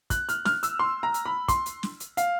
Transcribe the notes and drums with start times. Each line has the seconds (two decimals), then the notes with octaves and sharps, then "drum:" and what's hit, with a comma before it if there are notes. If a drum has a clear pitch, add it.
0.10 F#6, drum: kick, hi-hat
0.29 F6, drum: hi-hat
0.45 F6, drum: snare
0.63 E6, drum: hi-hat
0.79 C6
1.03 A#5
1.14 drum: hi-hat
1.25 B5
1.48 C6, drum: kick, hi-hat
1.66 drum: hi-hat
1.83 drum: snare
2.00 drum: hi-hat
2.17 F5, drum: hi-hat